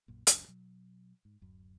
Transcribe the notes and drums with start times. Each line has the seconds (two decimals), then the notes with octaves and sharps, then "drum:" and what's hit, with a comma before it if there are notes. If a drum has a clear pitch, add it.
0.08 A#1 F#2 A#2
0.27 F#1 C#2 F#2 D4, drum: hi-hat
0.48 B2 F#3
1.25 G#2
1.41 D1 F#2